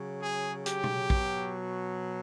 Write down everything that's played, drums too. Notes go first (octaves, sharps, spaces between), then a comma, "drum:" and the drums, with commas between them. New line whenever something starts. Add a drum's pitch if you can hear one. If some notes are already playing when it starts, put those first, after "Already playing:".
Already playing: C#3 F#3
G#4
G4, drum: hi-hat
drum: tom B2
B2 F#3, drum: kick